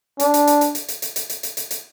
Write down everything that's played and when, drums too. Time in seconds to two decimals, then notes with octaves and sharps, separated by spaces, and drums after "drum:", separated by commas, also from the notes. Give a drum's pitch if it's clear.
0.20 D4, drum: hi-hat
0.34 drum: hi-hat
0.47 drum: hi-hat
0.61 drum: hi-hat
0.75 drum: hi-hat
0.88 drum: hi-hat
1.02 drum: hi-hat
1.16 drum: hi-hat
1.30 drum: hi-hat
1.43 drum: hi-hat
1.57 drum: hi-hat
1.71 drum: hi-hat